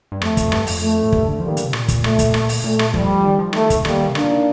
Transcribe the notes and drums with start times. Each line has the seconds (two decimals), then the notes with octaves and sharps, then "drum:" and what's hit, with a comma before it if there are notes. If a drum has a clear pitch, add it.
0.12 G2
0.22 F2 A3, drum: rim click
0.37 drum: kick, hi-hat
0.52 G2, drum: rim click
0.67 F2, drum: open hi-hat
0.82 A3
1.03 A2
1.12 G2, drum: kick
1.28 D3
1.40 F3 G3 A#3
1.49 D#3
1.57 D3, drum: hi-hat
1.65 C3
1.73 A#2, drum: rim click
1.88 drum: kick, hi-hat
2.04 A3, drum: rim click
2.19 drum: kick, hi-hat
2.34 drum: rim click
2.49 drum: open hi-hat
2.64 A#2 A3
2.79 drum: rim click
2.94 F3 G3, drum: kick
3.24 D#3
3.39 F3
3.53 D#3 A3, drum: rim click
3.70 drum: kick, hi-hat
3.85 D#3 G3 A#3, drum: rim click
4.09 C3
4.15 D3 A#3 D4, drum: rim click
4.24 F3
4.30 D#3